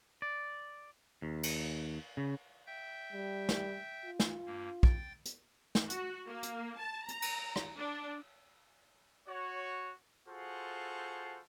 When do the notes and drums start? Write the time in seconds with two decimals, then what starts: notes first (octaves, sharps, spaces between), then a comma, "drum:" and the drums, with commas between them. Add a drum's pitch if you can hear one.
0.22 D5
1.22 D#2
1.43 drum: cymbal
2.17 C#3
2.67 E5 G5 G6
3.12 G3
3.49 drum: snare
4.05 F4
4.20 drum: snare
4.46 G2 A#3
4.83 G5 A6, drum: kick
5.25 drum: hi-hat
5.75 drum: snare
5.90 F#4, drum: hi-hat
6.27 A#3
6.43 drum: hi-hat
6.78 A5
7.08 A#5, drum: hi-hat
7.22 drum: cymbal
7.56 drum: rim click
7.78 D4
9.29 F#4 C#5
10.28 F4 F#4 G#4 A4 C5